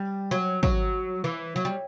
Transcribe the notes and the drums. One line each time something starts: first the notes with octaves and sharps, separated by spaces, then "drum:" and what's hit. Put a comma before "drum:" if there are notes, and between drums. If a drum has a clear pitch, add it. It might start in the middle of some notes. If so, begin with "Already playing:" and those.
Already playing: G3
F#3
F#3, drum: kick
E3
F#3
G3